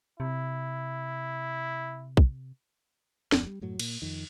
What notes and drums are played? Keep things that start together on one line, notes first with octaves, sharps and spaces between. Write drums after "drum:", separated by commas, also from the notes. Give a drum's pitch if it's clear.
C3 E4
drum: kick
D1 F2, drum: snare
G3
F#2 A2 F#3
A#2, drum: cymbal
F2 D#3